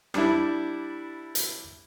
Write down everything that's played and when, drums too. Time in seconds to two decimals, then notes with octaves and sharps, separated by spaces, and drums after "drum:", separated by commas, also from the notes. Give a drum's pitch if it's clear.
0.14 G3 D4 E4, drum: rim click
1.35 drum: hi-hat